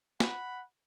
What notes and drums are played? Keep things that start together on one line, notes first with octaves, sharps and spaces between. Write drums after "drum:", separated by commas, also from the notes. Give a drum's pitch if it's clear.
F#5 B5, drum: snare